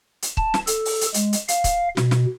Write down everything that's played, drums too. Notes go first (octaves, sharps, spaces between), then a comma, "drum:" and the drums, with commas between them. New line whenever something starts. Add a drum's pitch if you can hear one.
drum: hi-hat
A5, drum: kick C#1
drum: snare
A4, drum: hi-hat
drum: open hi-hat
drum: hi-hat
G#3, drum: hi-hat
drum: hi-hat
F5, drum: hi-hat
drum: kick C#1, hi-hat
B2, drum: snare
drum: snare